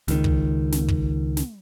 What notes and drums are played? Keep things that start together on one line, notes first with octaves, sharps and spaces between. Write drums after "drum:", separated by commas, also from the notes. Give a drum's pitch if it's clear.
C#2 D#3, drum: snare
drum: kick
drum: snare
drum: kick
drum: snare